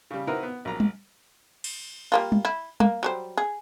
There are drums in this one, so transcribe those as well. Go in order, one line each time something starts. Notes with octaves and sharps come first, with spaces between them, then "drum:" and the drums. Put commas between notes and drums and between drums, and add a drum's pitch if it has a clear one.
C#3 G3
C4 D#4 E4 F#4 A#4 B4
B3
A#1 F#3 A#5
drum: tom G3
drum: cymbal
G3 A#3 F4
drum: tom G3
E4
A#3, drum: tom G3
F#3 G3 C5
G#4